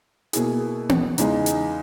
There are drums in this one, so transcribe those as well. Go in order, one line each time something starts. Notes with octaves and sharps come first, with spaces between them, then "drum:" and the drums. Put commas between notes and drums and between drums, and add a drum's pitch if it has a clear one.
B2 A#3 E4 G#4, drum: hi-hat
drum: tom B3
E2 C#3 G#3 D#4, drum: hi-hat
drum: hi-hat